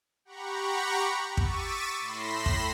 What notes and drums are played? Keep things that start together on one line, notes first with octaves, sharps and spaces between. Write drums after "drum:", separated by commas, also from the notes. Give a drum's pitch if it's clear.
G4 F#5 A#5 B5 C#6
C#6 D6 E6 A6 B6 D#7, drum: kick
A2 B5 C6 A#6 C7 E7
drum: kick